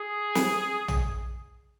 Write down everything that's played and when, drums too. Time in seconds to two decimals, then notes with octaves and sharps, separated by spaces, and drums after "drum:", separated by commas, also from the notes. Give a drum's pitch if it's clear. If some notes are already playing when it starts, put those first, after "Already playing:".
Already playing: G#4
0.35 drum: snare
0.88 drum: tom